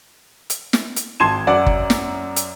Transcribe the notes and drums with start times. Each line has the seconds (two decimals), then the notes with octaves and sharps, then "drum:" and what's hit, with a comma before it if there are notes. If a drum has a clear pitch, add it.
0.50 drum: hi-hat
0.73 drum: snare
0.96 drum: hi-hat
1.20 G#1 A5 C6 G#6 E7
1.47 F#2 D5 F#5
1.66 drum: kick G1
1.90 drum: snare
2.36 drum: hi-hat